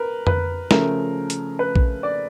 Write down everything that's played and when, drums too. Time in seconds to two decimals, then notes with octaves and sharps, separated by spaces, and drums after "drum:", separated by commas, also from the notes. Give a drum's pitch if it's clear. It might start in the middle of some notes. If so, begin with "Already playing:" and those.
Already playing: A#4 B4
0.27 B4, drum: tom F2
0.71 C#3 F3 A3 A#4, drum: snare
1.30 drum: hi-hat
1.59 B4
1.76 drum: kick A#1
2.03 D5